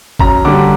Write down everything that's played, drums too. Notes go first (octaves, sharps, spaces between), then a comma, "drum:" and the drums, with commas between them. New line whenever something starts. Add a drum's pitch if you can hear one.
F#2 A#5, drum: kick
D3 G3 D6